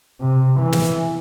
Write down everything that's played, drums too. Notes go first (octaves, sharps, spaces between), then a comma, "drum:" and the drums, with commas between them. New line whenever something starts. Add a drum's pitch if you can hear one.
C3
E3
drum: snare